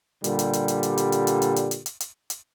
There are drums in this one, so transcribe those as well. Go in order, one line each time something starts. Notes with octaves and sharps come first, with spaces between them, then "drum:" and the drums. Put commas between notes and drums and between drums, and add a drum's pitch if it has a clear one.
A#2 D3 G3, drum: hi-hat
drum: hi-hat
drum: hi-hat
drum: hi-hat
drum: hi-hat
drum: hi-hat
drum: hi-hat
drum: hi-hat
drum: hi-hat
drum: hi-hat
drum: hi-hat
drum: hi-hat
drum: hi-hat
drum: hi-hat